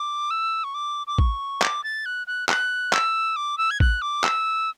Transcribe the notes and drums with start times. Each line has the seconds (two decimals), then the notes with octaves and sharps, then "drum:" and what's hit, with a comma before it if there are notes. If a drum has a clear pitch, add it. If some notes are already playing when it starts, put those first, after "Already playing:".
Already playing: D6
0.31 E6
0.64 C#6
0.74 D6
1.07 D6
1.18 C#6, drum: kick
1.62 D6, drum: clap
1.84 A6
2.06 F#6
2.27 F#6
2.49 F#6, drum: clap
2.93 E6, drum: clap
3.36 D6
3.58 E6
3.71 G#6
3.80 F#6, drum: kick
4.02 D6
4.24 E6, drum: clap